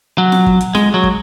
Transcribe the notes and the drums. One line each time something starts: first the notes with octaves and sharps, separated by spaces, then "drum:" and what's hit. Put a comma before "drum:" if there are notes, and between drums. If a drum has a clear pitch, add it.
F#3
drum: snare F4
drum: kick
drum: hi-hat
G#3, drum: snare F4
F#3
drum: kick